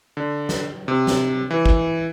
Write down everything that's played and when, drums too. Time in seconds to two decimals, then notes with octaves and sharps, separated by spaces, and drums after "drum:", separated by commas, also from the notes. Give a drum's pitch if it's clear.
0.17 D3
0.49 drum: snare
0.88 C3
1.07 drum: snare
1.51 E3
1.66 drum: kick